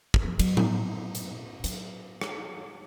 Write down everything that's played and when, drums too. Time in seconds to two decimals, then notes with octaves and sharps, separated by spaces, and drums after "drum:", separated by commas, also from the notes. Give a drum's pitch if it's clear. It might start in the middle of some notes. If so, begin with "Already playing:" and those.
0.14 drum: kick
0.24 F3
0.39 F#3, drum: cymbal
0.57 drum: tom
1.15 drum: hi-hat
1.64 F#3, drum: hi-hat
2.21 drum: rim click